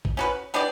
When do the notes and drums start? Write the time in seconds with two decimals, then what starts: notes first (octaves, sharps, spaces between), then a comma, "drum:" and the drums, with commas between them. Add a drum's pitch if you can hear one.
0.05 drum: kick
0.17 C#4 F#4 B4
0.54 B3 D4 G4 D5